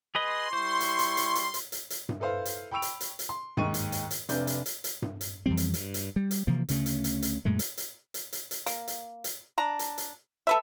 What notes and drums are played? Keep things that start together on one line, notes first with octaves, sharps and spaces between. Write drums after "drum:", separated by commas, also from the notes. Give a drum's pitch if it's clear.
G#4 B4 D#5 C6
G3 E4 C5 C#6
drum: hi-hat
drum: hi-hat
drum: hi-hat
drum: hi-hat
drum: hi-hat
drum: hi-hat
drum: hi-hat
drum: tom G2
E4 A4 B4 C5 F5
drum: hi-hat
G5 B5 C#6 E6 D7 F7
drum: hi-hat
drum: hi-hat
drum: hi-hat
C6
D#2 G#2 G#3 C#6 D#7, drum: tom G2
drum: hi-hat
drum: hi-hat
drum: hi-hat
F1 C3 D4 B4 G6, drum: hi-hat
drum: hi-hat
drum: hi-hat
drum: hi-hat
drum: tom G2
drum: hi-hat
F2 E3 G3 C4
drum: hi-hat
G2, drum: hi-hat
drum: hi-hat
G3
drum: hi-hat
C3 E3 F3 A#3
D2 C#3 A3, drum: hi-hat
drum: hi-hat
drum: hi-hat
drum: hi-hat
F#2 A#2 G#3 A3
drum: hi-hat
drum: hi-hat
drum: hi-hat
drum: hi-hat
drum: hi-hat
A#3, drum: hi-hat
drum: hi-hat
drum: hi-hat
D4 A#5
drum: hi-hat
drum: hi-hat
A4 B4 E5